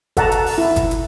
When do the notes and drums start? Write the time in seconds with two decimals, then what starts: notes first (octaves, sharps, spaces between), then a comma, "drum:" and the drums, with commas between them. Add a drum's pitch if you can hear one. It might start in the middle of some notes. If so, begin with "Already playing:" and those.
0.17 A4 F#5 A5 A#5, drum: kick G1, hi-hat
0.32 drum: hi-hat
0.46 drum: open hi-hat
0.58 E4
0.76 drum: kick G1, hi-hat
0.91 drum: hi-hat